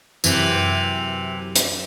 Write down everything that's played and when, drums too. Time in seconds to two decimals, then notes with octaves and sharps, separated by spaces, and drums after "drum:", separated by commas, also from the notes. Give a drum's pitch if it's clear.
0.24 F#2 C3 E3, drum: tambourine
1.55 drum: hi-hat